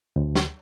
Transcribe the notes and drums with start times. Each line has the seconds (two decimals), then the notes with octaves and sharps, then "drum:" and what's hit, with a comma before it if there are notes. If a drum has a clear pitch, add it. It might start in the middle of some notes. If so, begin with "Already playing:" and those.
0.16 D2
0.35 drum: snare